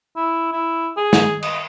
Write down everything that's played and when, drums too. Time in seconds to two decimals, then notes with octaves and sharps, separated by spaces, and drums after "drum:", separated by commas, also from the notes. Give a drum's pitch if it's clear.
0.16 E4
0.52 E4
0.97 G#4
1.13 drum: snare
1.43 D#5, drum: cymbal